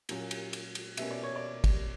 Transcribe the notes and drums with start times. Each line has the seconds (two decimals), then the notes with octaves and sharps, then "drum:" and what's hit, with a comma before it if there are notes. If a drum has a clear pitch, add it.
0.09 A#2 F#3 C#4, drum: cymbal
0.31 drum: cymbal
0.53 drum: cymbal
0.75 drum: cymbal
0.97 B2 A#3 C#4 E5, drum: cymbal
1.11 D5
1.23 C#5
1.36 D5
1.64 drum: kick, cymbal